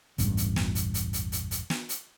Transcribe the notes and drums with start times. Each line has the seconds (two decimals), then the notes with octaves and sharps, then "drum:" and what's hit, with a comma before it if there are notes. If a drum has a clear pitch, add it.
0.18 E1 A1 G2, drum: hi-hat
0.37 drum: hi-hat
0.56 drum: snare
0.75 drum: hi-hat
0.94 drum: hi-hat
1.13 drum: hi-hat
1.32 drum: hi-hat
1.51 drum: hi-hat
1.70 drum: snare
1.89 drum: hi-hat